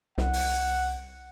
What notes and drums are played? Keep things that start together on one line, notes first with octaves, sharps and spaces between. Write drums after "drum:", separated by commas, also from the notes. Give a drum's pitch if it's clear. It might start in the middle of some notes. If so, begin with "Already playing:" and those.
C2 F#5, drum: snare
drum: open hi-hat